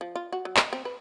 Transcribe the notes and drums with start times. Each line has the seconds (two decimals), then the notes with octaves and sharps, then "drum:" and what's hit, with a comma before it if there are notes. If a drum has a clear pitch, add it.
0.01 F3
0.16 F4
0.33 F#4
0.45 F#3
0.57 D#5, drum: clap
0.73 C4
0.85 B4